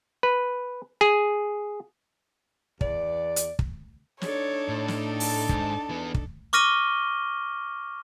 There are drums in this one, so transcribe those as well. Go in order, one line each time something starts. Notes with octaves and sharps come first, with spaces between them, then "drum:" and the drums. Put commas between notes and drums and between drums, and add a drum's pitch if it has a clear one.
B4
G#4
E2 D5, drum: kick
drum: hi-hat
drum: kick
D4 D#4 A4 C#5, drum: snare
A2
drum: snare
A5, drum: open hi-hat
G#2, drum: kick
E3 B3
drum: kick
C#6 D6 F6 A#6 D#7 G7